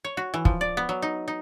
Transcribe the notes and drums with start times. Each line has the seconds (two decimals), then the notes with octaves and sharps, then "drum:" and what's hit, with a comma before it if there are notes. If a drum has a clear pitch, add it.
0.05 C#5
0.17 F#4
0.34 E3
0.45 F3, drum: kick
0.61 D5
0.77 B3
0.89 F#3
1.02 D#4
1.28 D#4